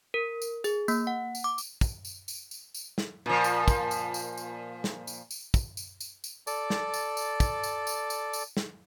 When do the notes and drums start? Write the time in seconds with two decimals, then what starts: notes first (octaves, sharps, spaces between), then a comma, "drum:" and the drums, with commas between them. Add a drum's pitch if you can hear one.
0.14 A#4
0.42 drum: tambourine
0.64 G#4, drum: tambourine
0.88 A#3, drum: tambourine
1.07 F#5
1.35 drum: tambourine
1.44 D6
1.58 drum: tambourine
1.81 drum: kick, tambourine
2.05 drum: tambourine
2.28 drum: tambourine
2.51 drum: tambourine
2.74 drum: tambourine
2.98 drum: snare
3.26 A#2 F3
3.44 drum: tambourine
3.68 drum: kick, tambourine
3.91 drum: tambourine
4.14 drum: tambourine
4.37 drum: tambourine
4.84 drum: snare
5.07 drum: tambourine
5.31 drum: tambourine
5.54 drum: kick, tambourine
5.77 drum: tambourine
6.00 drum: tambourine
6.24 drum: tambourine
6.47 A4 D5, drum: tambourine
6.70 drum: snare
6.94 drum: tambourine
7.17 drum: tambourine
7.40 drum: kick, tambourine
7.63 drum: tambourine
7.87 drum: tambourine
8.10 drum: tambourine
8.33 drum: tambourine
8.57 drum: snare